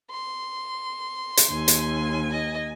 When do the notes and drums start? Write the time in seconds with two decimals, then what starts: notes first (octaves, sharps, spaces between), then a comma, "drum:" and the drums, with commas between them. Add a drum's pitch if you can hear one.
0.11 C6
1.37 drum: hi-hat
1.49 D#2 G#5
1.68 drum: hi-hat
2.31 D#5